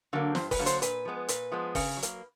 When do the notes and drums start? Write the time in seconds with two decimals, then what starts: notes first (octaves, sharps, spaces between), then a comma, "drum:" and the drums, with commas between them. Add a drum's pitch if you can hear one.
0.13 D3 F#3 A#3
0.35 G2 C5, drum: snare
0.51 B4, drum: kick F#1, open hi-hat
0.59 D3 F#3 A#3
0.66 C5, drum: hi-hat
0.82 A#2 B4, drum: hi-hat
1.05 F3 G#3 B3
1.28 A#2 B4, drum: hi-hat
1.52 F3 G#3 B3
1.75 C#3, drum: kick F#1, open hi-hat
1.97 F#3
2.03 A#3, drum: hi-hat